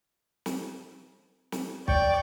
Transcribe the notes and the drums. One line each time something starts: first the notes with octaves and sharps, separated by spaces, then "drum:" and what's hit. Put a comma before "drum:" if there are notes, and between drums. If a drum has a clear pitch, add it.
drum: snare
drum: snare
D5 G5 C#6, drum: kick